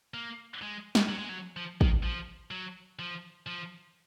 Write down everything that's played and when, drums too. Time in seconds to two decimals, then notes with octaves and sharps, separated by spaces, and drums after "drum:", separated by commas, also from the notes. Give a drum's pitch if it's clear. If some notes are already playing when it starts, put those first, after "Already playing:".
0.14 A#3
0.62 G#3
0.95 drum: snare
1.09 F#3
1.18 G#3
1.29 F#3
1.56 F3
1.81 D#3, drum: kick
2.03 F3
2.51 F#3
2.99 F3
3.47 F3